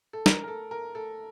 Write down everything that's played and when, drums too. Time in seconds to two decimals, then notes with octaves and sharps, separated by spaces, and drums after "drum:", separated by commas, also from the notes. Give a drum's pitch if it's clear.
0.13 A4
0.26 A#4, drum: snare
0.44 A#4
0.48 A4
0.71 A#4
0.95 A4